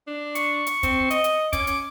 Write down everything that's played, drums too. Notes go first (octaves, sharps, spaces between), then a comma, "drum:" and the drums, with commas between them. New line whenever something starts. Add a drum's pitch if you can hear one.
D4
C#6, drum: hi-hat
drum: hi-hat
C4, drum: kick, hi-hat
D#5, drum: hi-hat
drum: hi-hat
C#4 D6, drum: kick, hi-hat
drum: hi-hat